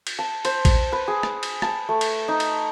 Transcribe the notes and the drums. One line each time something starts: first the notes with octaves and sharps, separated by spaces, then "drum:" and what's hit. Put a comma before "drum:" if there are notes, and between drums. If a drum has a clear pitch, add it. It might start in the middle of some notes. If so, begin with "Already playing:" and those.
drum: cymbal
A5
C5, drum: cymbal
drum: kick, cymbal
B4
G#4
drum: rim click
drum: cymbal
A5, drum: rim click
A3
drum: cymbal
D#4
drum: cymbal